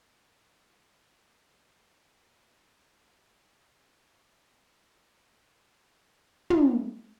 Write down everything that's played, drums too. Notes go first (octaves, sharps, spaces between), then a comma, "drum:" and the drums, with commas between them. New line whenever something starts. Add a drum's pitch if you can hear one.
G4
B3
D3 A3
B4
C4 G4 C5 F#5 A5
D#4 F4 F#4 D5
F2 C4 F5 C6
B5
drum: tom